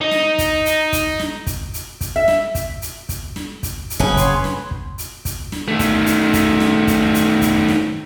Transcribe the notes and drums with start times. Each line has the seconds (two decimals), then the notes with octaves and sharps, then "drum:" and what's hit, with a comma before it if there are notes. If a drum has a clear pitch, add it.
0.01 D#4
0.11 drum: snare
0.38 drum: kick, hi-hat
0.65 drum: hi-hat
0.92 drum: kick, hi-hat
1.20 drum: snare
1.47 drum: kick, hi-hat
1.74 drum: hi-hat
2.01 drum: kick, hi-hat
2.16 E5
2.28 drum: snare
2.55 drum: kick, hi-hat
2.82 drum: hi-hat
3.09 drum: kick, hi-hat
3.36 drum: snare
3.63 drum: kick, hi-hat
3.90 drum: hi-hat
4.00 F#1 C#4 G#4 B4
4.17 C#5 C6, drum: kick, hi-hat
4.44 drum: snare
4.71 drum: kick
4.98 drum: hi-hat
5.25 drum: kick, hi-hat
5.52 drum: snare
5.68 D#3 A3
5.79 drum: kick, hi-hat
6.06 drum: hi-hat
6.33 drum: kick, hi-hat
6.60 drum: snare
6.87 drum: kick, hi-hat
7.14 drum: hi-hat
7.41 drum: kick, hi-hat
7.68 drum: snare